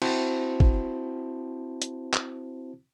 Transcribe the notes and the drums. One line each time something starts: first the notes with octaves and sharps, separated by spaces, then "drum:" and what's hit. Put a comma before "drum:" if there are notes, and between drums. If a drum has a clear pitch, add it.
C4 E4 F#4 C5 A5, drum: cymbal
drum: kick
drum: hi-hat
drum: clap